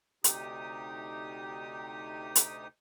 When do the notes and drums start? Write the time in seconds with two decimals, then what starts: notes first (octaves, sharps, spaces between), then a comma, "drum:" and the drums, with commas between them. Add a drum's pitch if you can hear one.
0.24 D2 C3 D#4 G4 D#6, drum: hi-hat
2.35 drum: hi-hat